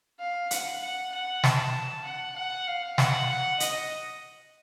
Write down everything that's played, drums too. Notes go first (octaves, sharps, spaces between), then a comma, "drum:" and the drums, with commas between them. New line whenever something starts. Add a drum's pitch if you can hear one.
F5
F#5, drum: hi-hat
F#5
F#5
A5, drum: snare
F#5
F#5
F5
F#5, drum: snare
F#5
D#5, drum: hi-hat